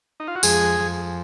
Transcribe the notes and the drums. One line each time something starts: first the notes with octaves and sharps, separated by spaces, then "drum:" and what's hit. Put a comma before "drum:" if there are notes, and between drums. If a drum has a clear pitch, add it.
D#4
F4
F#4
F2 G#3 G#4, drum: tambourine
F2